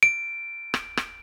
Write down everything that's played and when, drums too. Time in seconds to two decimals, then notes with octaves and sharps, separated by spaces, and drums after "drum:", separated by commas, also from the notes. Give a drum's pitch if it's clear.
0.03 D7
0.74 drum: rim click
0.97 drum: rim click